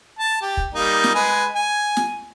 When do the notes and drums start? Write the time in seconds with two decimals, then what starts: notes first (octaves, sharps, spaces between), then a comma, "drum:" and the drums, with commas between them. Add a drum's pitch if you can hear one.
0.19 A5
0.42 G4
0.57 drum: kick
0.74 G3 A#3 D#4
1.04 drum: snare
1.15 G#3 B4 G#5
1.55 G#5
1.97 drum: snare